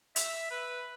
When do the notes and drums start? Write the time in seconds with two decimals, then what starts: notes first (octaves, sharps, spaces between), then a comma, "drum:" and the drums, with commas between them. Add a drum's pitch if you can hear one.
0.16 E5, drum: hi-hat
0.51 B4